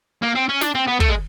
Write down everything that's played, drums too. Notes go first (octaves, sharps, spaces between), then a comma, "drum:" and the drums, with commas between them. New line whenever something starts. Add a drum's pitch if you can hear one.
A#3
C4
C#4
D4, drum: snare
C4
B3
A3, drum: kick
G#3